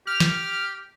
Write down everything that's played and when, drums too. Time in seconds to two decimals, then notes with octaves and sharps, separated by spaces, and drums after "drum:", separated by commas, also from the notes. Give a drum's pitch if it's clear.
0.07 G4 F6
0.20 drum: snare